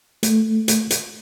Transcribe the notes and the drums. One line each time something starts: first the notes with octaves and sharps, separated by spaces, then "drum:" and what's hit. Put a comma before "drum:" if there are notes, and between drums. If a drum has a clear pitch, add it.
A3, drum: hi-hat
drum: hi-hat
drum: hi-hat